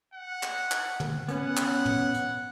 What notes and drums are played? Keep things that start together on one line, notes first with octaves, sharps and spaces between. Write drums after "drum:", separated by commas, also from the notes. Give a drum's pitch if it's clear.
F#5
drum: clap
drum: clap
drum: tom
B3 C#4 B4 F#5, drum: hi-hat
drum: clap
drum: tom
drum: hi-hat